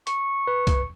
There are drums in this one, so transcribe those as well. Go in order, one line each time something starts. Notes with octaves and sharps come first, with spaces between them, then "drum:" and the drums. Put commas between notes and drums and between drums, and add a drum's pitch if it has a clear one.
C#6, drum: hi-hat
B4
drum: kick, hi-hat